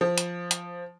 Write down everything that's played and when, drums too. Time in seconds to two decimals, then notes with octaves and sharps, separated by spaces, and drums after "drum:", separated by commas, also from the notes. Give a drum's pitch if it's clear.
0.01 F3
0.18 drum: hi-hat
0.51 drum: hi-hat